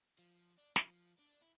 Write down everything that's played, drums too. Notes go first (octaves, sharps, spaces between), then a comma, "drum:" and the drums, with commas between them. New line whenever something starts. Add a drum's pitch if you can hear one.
F3
D4
F3, drum: snare
D4
E4